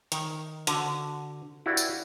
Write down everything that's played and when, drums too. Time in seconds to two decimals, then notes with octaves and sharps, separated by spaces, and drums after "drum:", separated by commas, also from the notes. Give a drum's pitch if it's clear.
0.12 D#3, drum: hi-hat
0.67 D3 F#4, drum: hi-hat
1.66 E4 F#4 G4 B4 D5 F5
1.77 drum: tambourine